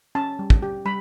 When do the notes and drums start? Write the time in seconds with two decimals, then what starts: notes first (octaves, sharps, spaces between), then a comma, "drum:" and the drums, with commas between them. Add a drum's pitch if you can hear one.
0.15 C#4 A5
0.39 G3
0.50 drum: kick
0.62 G4
0.85 G3 B5